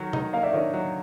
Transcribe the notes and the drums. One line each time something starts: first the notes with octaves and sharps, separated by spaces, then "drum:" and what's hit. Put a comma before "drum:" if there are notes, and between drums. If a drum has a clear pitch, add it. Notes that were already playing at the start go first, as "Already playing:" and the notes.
Already playing: D#3 F#3
D#4, drum: tom B2
A#3 D#5 F5
D5 E5
D#3 C#5 D#5
F#3